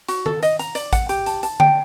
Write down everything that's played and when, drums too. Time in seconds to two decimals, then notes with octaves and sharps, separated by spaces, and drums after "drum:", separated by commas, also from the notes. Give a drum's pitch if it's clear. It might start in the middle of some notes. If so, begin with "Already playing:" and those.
0.08 F#4, drum: hi-hat
0.26 A4, drum: tom D#3
0.43 D#5, drum: hi-hat
0.59 A#5, drum: hi-hat
0.75 D5, drum: hi-hat
0.93 F#5, drum: kick A1, hi-hat
1.09 G4, drum: hi-hat
1.26 A5, drum: hi-hat
1.43 A5, drum: hi-hat
1.60 G5, drum: tom D3